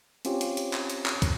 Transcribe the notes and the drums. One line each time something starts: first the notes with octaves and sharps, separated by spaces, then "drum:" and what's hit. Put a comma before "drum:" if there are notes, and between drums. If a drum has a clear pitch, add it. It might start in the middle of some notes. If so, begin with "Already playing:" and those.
C4 C#4 F4 G4 C#5, drum: hi-hat
drum: hi-hat
drum: hi-hat
drum: clap
drum: hi-hat
drum: clap
drum: kick, hi-hat